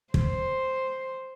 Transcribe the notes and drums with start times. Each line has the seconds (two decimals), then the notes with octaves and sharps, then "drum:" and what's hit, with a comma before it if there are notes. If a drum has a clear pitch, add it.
0.14 C5, drum: kick